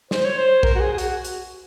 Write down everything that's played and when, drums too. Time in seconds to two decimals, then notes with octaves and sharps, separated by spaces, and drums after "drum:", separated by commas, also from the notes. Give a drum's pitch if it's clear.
0.11 C5, drum: snare
0.25 C#5
0.37 C5
0.63 A#4, drum: kick A#1
0.75 F#4
0.81 G#4
0.93 G#4
0.98 F#4, drum: hi-hat
1.24 drum: hi-hat